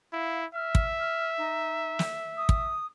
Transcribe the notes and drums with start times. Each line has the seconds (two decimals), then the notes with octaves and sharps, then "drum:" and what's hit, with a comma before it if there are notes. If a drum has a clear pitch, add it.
0.13 E4 F5
0.54 E5 F6
0.75 drum: kick
1.00 F6
1.37 D#4
1.99 drum: snare
2.37 D#6
2.49 drum: kick